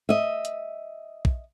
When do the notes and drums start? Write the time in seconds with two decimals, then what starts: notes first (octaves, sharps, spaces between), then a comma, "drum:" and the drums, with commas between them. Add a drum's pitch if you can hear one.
0.09 D#5 E5
0.45 drum: hi-hat
1.25 drum: kick